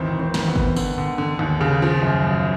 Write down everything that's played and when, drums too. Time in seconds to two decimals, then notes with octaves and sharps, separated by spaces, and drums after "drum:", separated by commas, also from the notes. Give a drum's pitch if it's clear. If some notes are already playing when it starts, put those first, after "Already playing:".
Already playing: G#1 E2 C4
0.14 G#1
0.20 C4
0.34 G#1, drum: snare
0.48 B3
0.56 G#1, drum: kick G1
0.76 D3, drum: tambourine
0.98 D3
1.18 D3
1.39 D#2
1.61 C#3
1.82 F3
2.02 F#2
2.24 F#2